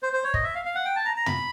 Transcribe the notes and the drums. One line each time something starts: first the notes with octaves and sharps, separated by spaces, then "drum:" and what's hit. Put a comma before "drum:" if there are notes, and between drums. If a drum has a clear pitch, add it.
C5
C5
C#5
D#5, drum: kick
E5
F5
F5
F#5
G5
A5
A#5
A#5
B5, drum: tom